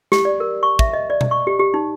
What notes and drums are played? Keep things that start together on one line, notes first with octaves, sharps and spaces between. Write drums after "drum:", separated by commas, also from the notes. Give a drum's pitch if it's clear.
G4, drum: snare
D5
A#4
C#6
E5, drum: kick
D#5
D5
drum: tom B2
C#6
G4
G4
D#4